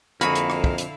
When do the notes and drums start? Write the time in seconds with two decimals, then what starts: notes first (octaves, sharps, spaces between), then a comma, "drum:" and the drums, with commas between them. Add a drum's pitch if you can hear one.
0.21 F2 D3 A#3 E4 F#4 G#4 F5 B5, drum: hi-hat
0.35 drum: hi-hat
0.50 drum: rim click
0.64 drum: kick
0.78 drum: hi-hat